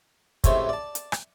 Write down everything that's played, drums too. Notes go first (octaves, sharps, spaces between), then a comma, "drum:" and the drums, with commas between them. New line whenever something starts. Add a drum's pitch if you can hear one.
C#2 A2 C3 A3 C5 C#5, drum: kick, hi-hat
D5 A5
drum: hi-hat
drum: rim click